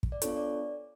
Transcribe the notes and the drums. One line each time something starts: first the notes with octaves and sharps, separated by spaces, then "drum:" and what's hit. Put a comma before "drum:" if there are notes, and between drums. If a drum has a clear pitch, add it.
drum: kick
D5
B3 D4 F4 A4 C#5, drum: hi-hat
D5